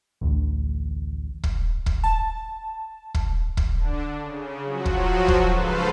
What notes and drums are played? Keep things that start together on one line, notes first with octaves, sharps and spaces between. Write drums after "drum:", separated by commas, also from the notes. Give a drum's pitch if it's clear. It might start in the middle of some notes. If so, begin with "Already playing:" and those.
A1 D2
drum: kick
drum: kick
A5
drum: kick
drum: kick
D3 D4
C#3
F3 F#3 F#4
drum: kick
drum: kick
G#2 C#3 A4 B4 C5 F5